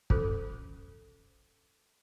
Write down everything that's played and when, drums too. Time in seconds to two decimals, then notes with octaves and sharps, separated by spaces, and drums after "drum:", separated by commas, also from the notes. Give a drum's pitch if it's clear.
0.10 C#4 F4 G#4 A4 C5, drum: kick